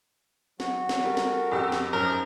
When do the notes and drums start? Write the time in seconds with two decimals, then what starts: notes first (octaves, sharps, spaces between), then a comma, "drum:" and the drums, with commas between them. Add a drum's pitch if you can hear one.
0.60 D#3 F#3 F#4, drum: snare
0.89 drum: snare
1.03 G3 C#4 A4 A#4
1.17 drum: snare
1.51 F2 G4 E6
1.72 drum: snare
1.93 F#2 F3 A#3 C#4 D#4 A#4